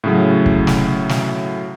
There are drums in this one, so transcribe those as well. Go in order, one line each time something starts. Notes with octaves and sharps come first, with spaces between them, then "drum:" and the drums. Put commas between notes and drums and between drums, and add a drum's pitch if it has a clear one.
A2 C#3 F#3
drum: kick
drum: snare
drum: snare